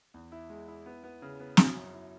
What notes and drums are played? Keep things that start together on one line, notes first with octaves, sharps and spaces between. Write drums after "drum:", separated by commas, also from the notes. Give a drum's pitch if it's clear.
E2
E4
G#3
E4
B3
B3
C#3
B3
F#3, drum: snare
F#2
E4